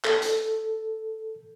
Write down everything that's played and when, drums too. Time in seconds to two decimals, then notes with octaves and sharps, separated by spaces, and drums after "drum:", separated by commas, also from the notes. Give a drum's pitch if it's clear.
0.05 A4, drum: clap
0.22 drum: hi-hat